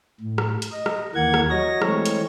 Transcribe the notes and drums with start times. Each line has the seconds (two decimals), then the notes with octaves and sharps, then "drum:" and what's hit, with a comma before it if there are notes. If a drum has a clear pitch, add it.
0.21 A2
0.38 drum: rim click
0.62 drum: hi-hat
0.71 D#5
0.86 drum: rim click
1.15 D#2 E3 A#3 F#5 G#6
1.34 drum: rim click
1.50 F#3 C#5 D#5 A#6
1.82 E3 G#3 A3 C4 C#5, drum: rim click
2.05 drum: hi-hat